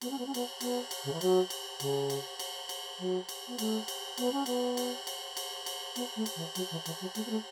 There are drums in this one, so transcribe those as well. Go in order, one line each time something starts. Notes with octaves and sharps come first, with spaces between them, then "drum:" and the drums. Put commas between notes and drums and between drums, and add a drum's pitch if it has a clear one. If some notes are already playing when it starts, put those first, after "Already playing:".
B3, drum: cymbal
C#4
B3
C#4
B3, drum: cymbal
B3, drum: cymbal
drum: cymbal
C#3
E3
F#3, drum: cymbal
drum: cymbal
C#3, drum: cymbal
drum: cymbal
drum: cymbal
drum: cymbal
F#3
drum: cymbal
B3
A3, drum: cymbal
drum: cymbal
B3, drum: cymbal
C#4
B3, drum: cymbal
drum: cymbal
drum: cymbal
drum: cymbal
drum: cymbal
B3, drum: cymbal
A3
drum: cymbal
E3
F#3, drum: cymbal
E3
E3, drum: cymbal
F#3
A3, drum: cymbal
B3
A3